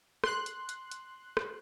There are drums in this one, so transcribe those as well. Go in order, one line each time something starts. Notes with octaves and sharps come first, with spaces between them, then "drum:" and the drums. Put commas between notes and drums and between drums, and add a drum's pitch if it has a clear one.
C6 F#6, drum: rim click
drum: hi-hat
drum: hi-hat
drum: hi-hat
drum: rim click